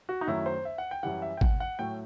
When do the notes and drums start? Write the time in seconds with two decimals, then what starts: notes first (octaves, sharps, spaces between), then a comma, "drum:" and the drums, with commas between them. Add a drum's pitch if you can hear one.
0.09 F#4
0.21 D#4
0.27 F#2 D#3 F#3 A3 E4
0.46 C5
0.65 E5
0.78 F#5
0.91 G5
1.03 F#2 E3 G3 F#5
1.22 E5
1.37 G5
1.41 F#5, drum: kick
1.60 F#5
1.79 A2 F#3 A3 G5